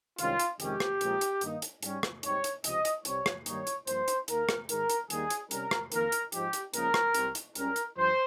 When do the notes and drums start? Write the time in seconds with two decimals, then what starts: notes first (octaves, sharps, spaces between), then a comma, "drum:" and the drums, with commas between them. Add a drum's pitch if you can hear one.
0.18 C2 C3 D#3 G#3 C#4 F4, drum: hi-hat
0.39 drum: hi-hat
0.60 F2 C3 D#3 G#3 C#4 G4, drum: hi-hat
0.80 drum: rim click
1.01 A#2 F3 G#3 C4 D#4, drum: hi-hat
1.21 drum: hi-hat
1.41 G2 D#3 A#3 D#4, drum: hi-hat
1.62 drum: hi-hat
1.83 G#2 G3 C#4, drum: hi-hat
2.03 drum: rim click
2.23 G#2 G3 C4 D#4 C#5, drum: hi-hat
2.44 drum: hi-hat
2.64 C#2 C3 F3 C4 D#5, drum: hi-hat
2.85 drum: hi-hat
3.05 C2 C3 G3 C4 C#5, drum: hi-hat
3.26 drum: rim click
3.46 G2 D#3 G3 A#3 D#4 C#5, drum: hi-hat
3.67 drum: hi-hat
3.87 G2 F3 A#3 C5, drum: hi-hat
4.08 drum: hi-hat
4.28 D#2 D#3 A#3 A#4, drum: hi-hat
4.49 drum: rim click
4.69 G#2 D#3 G#3 A#4, drum: hi-hat
4.90 drum: hi-hat
5.10 D#2 D#3 G3 A#3 D#4 G#4, drum: hi-hat
5.30 drum: hi-hat
5.51 C3 G3 C#4 A#4, drum: hi-hat
5.71 drum: rim click
5.92 F2 D#3 A#3 A#4, drum: hi-hat
6.12 drum: hi-hat
6.32 G#2 F3 G#3 D#4 G4, drum: hi-hat
6.53 drum: hi-hat
6.74 C#2 C#3 F3 A#3 D#4 A#4, drum: hi-hat
6.94 drum: rim click
7.14 C2 C3 G3 C4, drum: hi-hat
7.35 drum: hi-hat
7.55 C#2 C#3 G3 C#4 A#4, drum: hi-hat
7.76 drum: hi-hat
7.96 G2 F3 C5